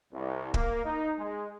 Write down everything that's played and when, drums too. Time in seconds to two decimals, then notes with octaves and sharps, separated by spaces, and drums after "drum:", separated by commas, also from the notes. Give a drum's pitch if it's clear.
0.13 C2
0.54 A#3, drum: kick
0.85 D#4
1.18 G#3